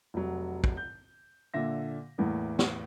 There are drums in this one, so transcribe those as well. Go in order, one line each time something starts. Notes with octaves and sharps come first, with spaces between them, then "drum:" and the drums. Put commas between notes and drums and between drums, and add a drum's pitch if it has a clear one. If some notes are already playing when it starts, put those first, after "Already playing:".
F1 F#3
drum: kick
G6
A#2 D3 E5 A#6
E2 A2 A3 A#3
drum: snare